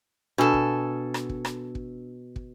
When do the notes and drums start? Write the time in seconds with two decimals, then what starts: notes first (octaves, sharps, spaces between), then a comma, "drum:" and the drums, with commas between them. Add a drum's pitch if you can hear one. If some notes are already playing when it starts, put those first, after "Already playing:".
0.38 B2 D4 A4 G#5 E6
0.54 drum: kick
1.14 drum: rim click
1.29 drum: kick
1.45 drum: rim click
1.75 drum: kick
2.36 drum: kick